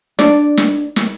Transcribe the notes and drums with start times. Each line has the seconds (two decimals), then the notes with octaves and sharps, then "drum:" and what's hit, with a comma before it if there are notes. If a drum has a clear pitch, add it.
0.19 D4 D5, drum: snare
0.57 drum: snare
0.96 drum: snare